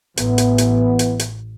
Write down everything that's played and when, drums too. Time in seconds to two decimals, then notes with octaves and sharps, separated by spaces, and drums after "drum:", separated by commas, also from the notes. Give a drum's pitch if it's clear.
0.17 A1 E3 B3, drum: hi-hat
0.38 drum: hi-hat
0.58 drum: hi-hat
0.99 drum: hi-hat
1.19 drum: hi-hat